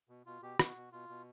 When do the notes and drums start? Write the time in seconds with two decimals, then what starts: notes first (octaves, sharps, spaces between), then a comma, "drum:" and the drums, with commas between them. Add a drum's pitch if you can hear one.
0.09 B2
0.26 B2 F4
0.42 B2 G4
0.59 B2 F#4, drum: rim click
0.76 B2
0.92 B2 F4
1.09 B2